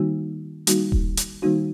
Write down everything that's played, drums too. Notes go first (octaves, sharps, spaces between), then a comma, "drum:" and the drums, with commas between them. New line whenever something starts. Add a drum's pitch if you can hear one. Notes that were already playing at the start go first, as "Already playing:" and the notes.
Already playing: D#3 G3 A#3 D#4 F#4
D#3 G3 A#3 D#4 F#4, drum: hi-hat
drum: kick D#1
drum: hi-hat
D#3 G3 A#3 D#4 F#4